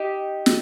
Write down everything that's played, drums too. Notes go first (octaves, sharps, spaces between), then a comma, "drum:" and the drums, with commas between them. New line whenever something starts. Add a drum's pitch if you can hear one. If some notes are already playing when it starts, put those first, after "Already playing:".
Already playing: D#4 G4
drum: snare